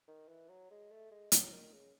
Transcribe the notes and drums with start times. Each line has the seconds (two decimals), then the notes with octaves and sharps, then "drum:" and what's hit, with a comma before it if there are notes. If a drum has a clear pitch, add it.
0.08 D#3
0.28 E3
0.49 F#3
0.71 G#3
0.91 A3
1.11 G#3
1.32 F#3, drum: hi-hat
1.53 D#3
1.73 C#3